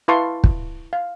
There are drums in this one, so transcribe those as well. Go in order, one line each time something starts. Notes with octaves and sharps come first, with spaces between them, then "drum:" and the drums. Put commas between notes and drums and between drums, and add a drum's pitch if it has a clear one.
E4 B4 F5 A5 C6 C#6
drum: kick
F5